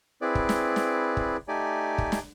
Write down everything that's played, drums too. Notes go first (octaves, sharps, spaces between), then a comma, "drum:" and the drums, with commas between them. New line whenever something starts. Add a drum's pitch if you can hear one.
C4 E4 G#4 B4 D5
drum: kick
drum: snare
drum: snare
drum: kick
A3 D#4 G4 D5 G#5
drum: kick
drum: snare